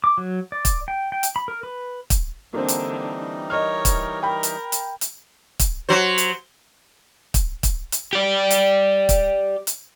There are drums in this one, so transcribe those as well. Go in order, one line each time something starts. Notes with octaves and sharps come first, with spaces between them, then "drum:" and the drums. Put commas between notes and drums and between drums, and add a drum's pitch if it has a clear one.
D6
F#3
D5
drum: kick, hi-hat
G5
G5
drum: hi-hat
B5
A#4
B4
drum: kick, hi-hat
D3 E3 G3 A#3 C4 D4 D#4
drum: hi-hat
A#4 C#5 D#5 F6
drum: kick, hi-hat
A#4 G5 B5
drum: hi-hat
drum: hi-hat
drum: hi-hat
drum: kick, hi-hat
F#3 C5
drum: hi-hat
drum: kick, hi-hat
drum: kick, hi-hat
drum: hi-hat
G4 D5
drum: hi-hat
drum: kick, hi-hat
drum: hi-hat